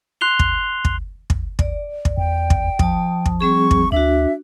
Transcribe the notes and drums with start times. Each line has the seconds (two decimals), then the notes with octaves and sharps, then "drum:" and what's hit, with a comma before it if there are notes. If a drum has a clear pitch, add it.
0.21 C6 F#6 C7 F7 G7
0.39 drum: kick
0.85 drum: kick
1.30 drum: kick
1.59 D5, drum: kick
2.05 drum: kick
2.18 E2 G5
2.50 drum: kick
2.79 F3 A5 D#6, drum: kick
3.26 drum: kick
3.41 G3 C4 G#4 C#6
3.71 drum: kick
3.92 D2 D4 F#4 E5